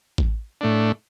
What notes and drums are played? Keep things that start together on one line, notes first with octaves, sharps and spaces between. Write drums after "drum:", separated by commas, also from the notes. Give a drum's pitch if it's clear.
drum: kick A1
A2 A3 D4